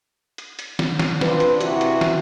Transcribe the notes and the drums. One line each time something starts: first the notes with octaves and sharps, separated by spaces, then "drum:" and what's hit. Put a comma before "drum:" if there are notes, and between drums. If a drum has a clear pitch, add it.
drum: hi-hat
drum: hi-hat
drum: snare
drum: snare
C4 D4 F4 B4, drum: snare
drum: hi-hat
C3 E4 F#4, drum: hi-hat
drum: hi-hat
drum: snare